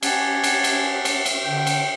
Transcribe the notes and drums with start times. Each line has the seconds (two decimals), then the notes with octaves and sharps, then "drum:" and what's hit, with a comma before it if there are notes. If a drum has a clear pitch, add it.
0.03 C#4 G4 F#5 G#5 A5, drum: cymbal
0.44 drum: cymbal
0.64 drum: cymbal
1.05 drum: cymbal
1.26 drum: cymbal
1.43 D3 G5
1.67 drum: cymbal